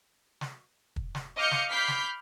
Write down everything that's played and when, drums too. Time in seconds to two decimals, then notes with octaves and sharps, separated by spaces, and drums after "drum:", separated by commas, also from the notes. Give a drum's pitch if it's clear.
0.41 drum: snare
0.96 drum: kick
1.15 drum: snare
1.36 D#5 F5 D6 F6 G6 C#7
1.51 drum: snare
1.70 B5 D6 F6 G6 B6 C7
1.88 drum: snare